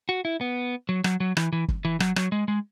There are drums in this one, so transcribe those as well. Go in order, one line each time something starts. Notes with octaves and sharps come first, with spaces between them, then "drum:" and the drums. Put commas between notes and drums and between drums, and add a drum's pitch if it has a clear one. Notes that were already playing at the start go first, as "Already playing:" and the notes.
F#4
E4
B3
F#3
F#3, drum: rim click
F#3
E3, drum: rim click
E3
drum: kick
E3
F#3, drum: rim click
F#3, drum: rim click
G#3
G#3